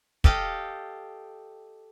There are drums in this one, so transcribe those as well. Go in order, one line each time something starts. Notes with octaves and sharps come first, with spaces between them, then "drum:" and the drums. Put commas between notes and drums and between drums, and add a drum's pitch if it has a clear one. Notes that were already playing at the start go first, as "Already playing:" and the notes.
G4 A4 D#5 F5 G5, drum: kick